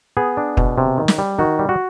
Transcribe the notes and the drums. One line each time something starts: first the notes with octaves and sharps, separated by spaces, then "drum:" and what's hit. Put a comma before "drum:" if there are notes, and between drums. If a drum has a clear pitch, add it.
B3 G#4
D4
B2, drum: kick
C3
D#3
drum: snare
G3
D#3 F#4
G3
F#4